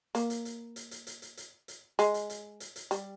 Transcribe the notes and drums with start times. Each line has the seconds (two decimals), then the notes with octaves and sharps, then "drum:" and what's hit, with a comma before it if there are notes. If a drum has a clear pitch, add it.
0.15 A#3, drum: hi-hat
0.30 drum: hi-hat
0.45 drum: hi-hat
0.76 drum: hi-hat
0.91 drum: hi-hat
1.07 drum: hi-hat
1.22 drum: hi-hat
1.37 drum: hi-hat
1.68 drum: hi-hat
1.99 G#3, drum: hi-hat
2.14 drum: hi-hat
2.30 drum: hi-hat
2.60 drum: hi-hat
2.76 drum: hi-hat
2.91 G3, drum: hi-hat